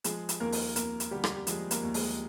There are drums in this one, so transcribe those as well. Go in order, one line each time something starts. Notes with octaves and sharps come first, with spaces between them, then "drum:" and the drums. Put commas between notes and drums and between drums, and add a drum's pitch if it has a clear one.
F3 G#3 G#4, drum: hi-hat
drum: hi-hat
D#2 A#3 A#4
drum: open hi-hat
A#3 A#4, drum: hi-hat
drum: hi-hat
D3 G3 G4
drum: rim click
G4
F3 G#3 G#4, drum: hi-hat
A#3 A#4, drum: hi-hat
D#2
G#3 G#4, drum: open hi-hat